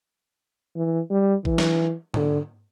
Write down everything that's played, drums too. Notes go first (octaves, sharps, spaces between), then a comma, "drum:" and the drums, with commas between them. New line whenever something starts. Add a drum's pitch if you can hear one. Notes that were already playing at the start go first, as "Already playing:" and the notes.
E3
G3
E3, drum: kick A1
drum: snare
D3, drum: tom